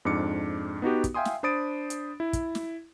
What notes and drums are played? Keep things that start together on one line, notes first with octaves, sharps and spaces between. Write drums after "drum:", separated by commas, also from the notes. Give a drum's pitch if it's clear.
F2 G#2 D4 D6 C#7
B3 D#4 F#4 G4
drum: kick, hi-hat
E5 F5 G5 G#5 C6 D#6
drum: snare
D4 C5 B5 D#6 A6 D7
drum: hi-hat
E4
drum: kick, hi-hat
drum: snare